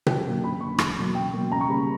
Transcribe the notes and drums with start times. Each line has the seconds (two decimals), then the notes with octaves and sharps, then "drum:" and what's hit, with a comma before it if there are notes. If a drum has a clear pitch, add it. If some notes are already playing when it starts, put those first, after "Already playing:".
0.06 F#2 G5, drum: tom B2
0.26 D3 F#3 A#3
0.42 F#2 B5
0.61 D3 A#3 C#6
0.78 E2 C#6, drum: rim click
0.98 B2 F#3 A#3
1.15 C#2 G5
1.33 B2 F#3 A#3
1.50 C#2 A#5
1.61 C#6
1.69 C#3 G3 A#3 B5